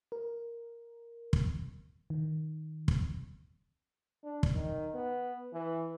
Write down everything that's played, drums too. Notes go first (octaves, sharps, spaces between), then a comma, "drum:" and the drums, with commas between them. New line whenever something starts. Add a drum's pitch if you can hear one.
A#4
drum: kick
D#3
drum: kick
D4
drum: kick
D#3
B3
E3